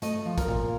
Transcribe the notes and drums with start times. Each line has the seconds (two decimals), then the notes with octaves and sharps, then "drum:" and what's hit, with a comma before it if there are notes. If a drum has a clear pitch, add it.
0.02 A3 D#5, drum: hi-hat
0.25 F3
0.38 A#4, drum: kick, hi-hat
0.48 A#2